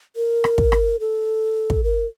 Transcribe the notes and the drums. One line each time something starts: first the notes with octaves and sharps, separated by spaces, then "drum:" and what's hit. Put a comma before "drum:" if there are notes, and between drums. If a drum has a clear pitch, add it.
A#4
drum: rim click
drum: kick
drum: rim click
A4
drum: kick
A#4